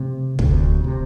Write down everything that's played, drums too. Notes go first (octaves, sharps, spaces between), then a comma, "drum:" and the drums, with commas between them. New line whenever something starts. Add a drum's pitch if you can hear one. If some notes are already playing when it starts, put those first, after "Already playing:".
Already playing: C3 A3 C4
D2, drum: kick
C3